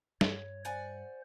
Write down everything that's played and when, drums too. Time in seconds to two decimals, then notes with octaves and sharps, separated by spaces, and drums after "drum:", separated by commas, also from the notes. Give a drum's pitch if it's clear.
0.21 G2 C#5, drum: snare
0.65 C5 D5 F#5 G#5